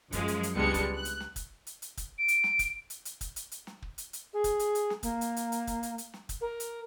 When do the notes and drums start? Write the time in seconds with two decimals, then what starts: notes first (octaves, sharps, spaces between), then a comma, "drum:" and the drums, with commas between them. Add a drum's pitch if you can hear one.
0.12 F#2 F3 G#3, drum: kick, hi-hat
0.28 drum: hi-hat
0.43 drum: hi-hat
0.55 C#2 G3 G#3 B3 D4 C#7
0.74 drum: kick, hi-hat
0.95 F#6
1.05 drum: hi-hat
1.20 drum: snare
1.36 drum: kick, hi-hat
1.67 drum: hi-hat
1.82 drum: hi-hat
1.97 drum: kick, hi-hat
2.19 D7
2.28 drum: hi-hat
2.44 drum: snare
2.59 drum: kick, hi-hat
2.90 drum: hi-hat
3.05 drum: hi-hat
3.21 drum: kick, hi-hat
3.36 drum: hi-hat
3.52 drum: hi-hat
3.67 drum: snare
3.82 drum: kick
3.98 drum: hi-hat
4.13 drum: hi-hat
4.33 G#4
4.44 drum: kick, hi-hat
4.59 drum: hi-hat
4.75 drum: hi-hat
4.90 drum: snare
5.03 A#3, drum: kick, hi-hat
5.21 drum: hi-hat
5.37 drum: hi-hat
5.52 drum: hi-hat
5.67 drum: kick, hi-hat
5.83 drum: hi-hat
5.98 drum: hi-hat
6.14 drum: snare
6.29 drum: kick, hi-hat
6.41 A#4
6.60 drum: hi-hat